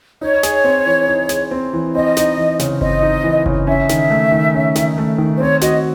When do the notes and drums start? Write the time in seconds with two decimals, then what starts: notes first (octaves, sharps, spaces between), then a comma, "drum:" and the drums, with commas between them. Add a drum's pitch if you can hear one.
0.21 D#4 C#5
0.43 G#4, drum: snare
0.64 C4
0.86 E3
1.07 D#4
1.29 G#4, drum: snare
1.51 C4
1.73 E3
1.94 C4 D#5
2.17 D#4, drum: snare
2.38 E3
2.59 C#3, drum: snare
2.81 C4 D#5, drum: kick G1
3.02 D#4
3.24 E3
3.46 C#3, drum: kick G1
3.67 C#4 E5
3.89 D#3, drum: snare
4.10 A3
4.32 D#3
4.54 C#4
4.75 D#3, drum: snare
4.98 A3
5.18 D#3
5.36 C5
5.40 C4 C#5
5.61 F#4 D#5, drum: snare